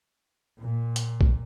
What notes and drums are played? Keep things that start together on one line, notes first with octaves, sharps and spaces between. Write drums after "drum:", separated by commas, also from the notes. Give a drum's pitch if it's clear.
A#2
drum: hi-hat
drum: kick B1